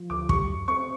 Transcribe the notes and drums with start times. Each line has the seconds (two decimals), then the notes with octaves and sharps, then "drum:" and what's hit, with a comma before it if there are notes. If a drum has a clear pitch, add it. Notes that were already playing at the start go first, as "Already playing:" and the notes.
Already playing: F3
0.10 D2 D6
0.29 G3 C#6, drum: kick
0.48 F#2
0.68 C4 C#6